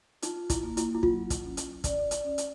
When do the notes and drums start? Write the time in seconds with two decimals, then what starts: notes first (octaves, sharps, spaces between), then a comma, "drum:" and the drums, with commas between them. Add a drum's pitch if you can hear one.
0.22 D#4 F4, drum: hi-hat
0.50 E4, drum: kick, hi-hat
0.63 A#3
0.77 E4, drum: hi-hat
0.95 E4
1.03 F#3 F4, drum: kick
1.30 drum: kick, hi-hat
1.44 C#4
1.57 drum: hi-hat
1.84 D5, drum: kick, hi-hat
2.11 drum: hi-hat
2.24 C#4
2.38 drum: hi-hat